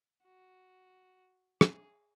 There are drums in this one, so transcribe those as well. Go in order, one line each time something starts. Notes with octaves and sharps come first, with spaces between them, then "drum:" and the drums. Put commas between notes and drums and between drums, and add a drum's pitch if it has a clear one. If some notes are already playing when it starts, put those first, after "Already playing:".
F#4
G#4, drum: rim click